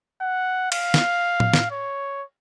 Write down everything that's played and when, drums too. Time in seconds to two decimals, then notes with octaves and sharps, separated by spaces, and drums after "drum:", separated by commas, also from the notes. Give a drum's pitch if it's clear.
0.21 F#5
0.72 F5, drum: cymbal
0.94 drum: snare
1.40 drum: tom A2
1.54 drum: snare
1.71 C#5